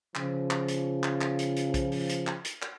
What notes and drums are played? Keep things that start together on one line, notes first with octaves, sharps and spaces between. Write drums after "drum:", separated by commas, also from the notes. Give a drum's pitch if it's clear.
C#3 F3, drum: clap
drum: clap
drum: hi-hat
drum: clap
drum: clap
drum: hi-hat
drum: hi-hat
drum: kick B1, hi-hat
drum: open hi-hat
drum: hi-hat
drum: clap
drum: hi-hat
drum: clap